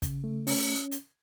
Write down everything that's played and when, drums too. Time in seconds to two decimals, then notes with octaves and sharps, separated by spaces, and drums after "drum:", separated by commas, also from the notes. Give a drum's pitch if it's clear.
0.02 C#3, drum: kick, hi-hat
0.24 A3
0.47 C#4, drum: open hi-hat
0.91 drum: hi-hat